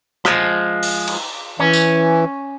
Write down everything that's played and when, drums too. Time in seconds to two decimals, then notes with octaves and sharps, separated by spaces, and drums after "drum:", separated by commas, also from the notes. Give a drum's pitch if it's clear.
0.25 F3 G#3, drum: rim click
0.83 drum: open hi-hat
1.07 drum: cymbal
1.59 E3 C#4
1.73 drum: tambourine